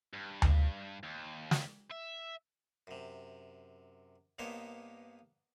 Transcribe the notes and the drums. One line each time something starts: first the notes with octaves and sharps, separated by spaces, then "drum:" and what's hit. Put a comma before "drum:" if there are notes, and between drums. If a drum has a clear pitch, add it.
G2
drum: tom D2
D#2
drum: snare
E5
F#2 C3
G2 A#3 B3 D#4 C5 C#5